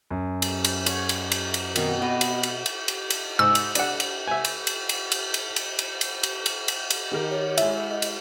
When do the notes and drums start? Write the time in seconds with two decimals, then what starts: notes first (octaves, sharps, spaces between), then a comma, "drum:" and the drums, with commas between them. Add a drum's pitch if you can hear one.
0.11 F#2
0.42 drum: cymbal
0.65 drum: cymbal
0.86 C#5, drum: cymbal
1.09 drum: cymbal
1.32 drum: cymbal
1.54 drum: cymbal
1.76 B2 D#3 C4, drum: cymbal
2.02 B3 D#5
2.21 drum: cymbal
2.43 drum: cymbal
2.66 drum: cymbal
2.88 drum: cymbal
3.10 drum: cymbal
3.39 G#2 E6
3.55 drum: cymbal
3.75 D4 F#5, drum: cymbal
4.00 drum: cymbal
4.28 E5 G#5
4.45 drum: cymbal
4.67 drum: cymbal
4.89 drum: cymbal
5.12 drum: cymbal
5.34 drum: cymbal
5.56 drum: cymbal
5.79 drum: cymbal
6.01 drum: cymbal
6.23 drum: cymbal
6.46 drum: cymbal
6.68 drum: cymbal
6.90 drum: cymbal
7.12 D#3 G4 A#4
7.31 C#5
7.58 G#3 E4 E5, drum: cymbal
7.91 D#5
8.02 drum: cymbal